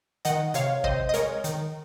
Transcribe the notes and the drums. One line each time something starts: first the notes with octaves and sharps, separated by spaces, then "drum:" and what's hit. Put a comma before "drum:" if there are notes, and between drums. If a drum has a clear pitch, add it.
D#3 D#5 F#5, drum: hi-hat
C3 C#5 F5, drum: hi-hat
C3 C5 D#5, drum: kick
D#5
G#3 A#4 C#5, drum: hi-hat
D#3, drum: hi-hat